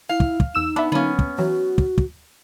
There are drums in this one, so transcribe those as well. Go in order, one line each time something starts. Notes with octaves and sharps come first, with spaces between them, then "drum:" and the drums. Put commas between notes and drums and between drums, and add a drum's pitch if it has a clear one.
E4 F5
drum: kick
drum: kick
E2 D#4 E6 E7
B3 D4 E5
D3 F#3 A#3 B3 C#4
drum: kick
E3 F#3 F#4
drum: kick
drum: kick